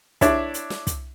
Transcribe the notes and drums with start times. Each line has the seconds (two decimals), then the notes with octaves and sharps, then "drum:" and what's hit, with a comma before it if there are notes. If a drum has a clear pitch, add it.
0.21 D4 E4 C#5 D5 E5, drum: kick, hi-hat
0.54 drum: hi-hat
0.70 drum: snare
0.87 drum: kick, hi-hat